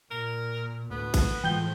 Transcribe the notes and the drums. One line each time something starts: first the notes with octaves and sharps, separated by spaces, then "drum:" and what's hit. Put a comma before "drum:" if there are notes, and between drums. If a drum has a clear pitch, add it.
A#2 A#4
D2 A2 B3
drum: kick, cymbal
A2 E3 F3 G3 G#3 G5 G6 G7